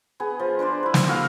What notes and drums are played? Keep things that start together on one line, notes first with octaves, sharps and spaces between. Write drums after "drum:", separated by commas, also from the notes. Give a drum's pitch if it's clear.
B3 G#4
F3
D4 B4 C5 D5
E4 B4
drum: snare
E4 F#4 A4 F5